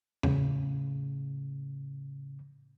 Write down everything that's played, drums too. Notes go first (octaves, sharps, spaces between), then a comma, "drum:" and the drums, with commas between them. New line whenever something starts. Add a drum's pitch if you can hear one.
A2 C#3, drum: tom E2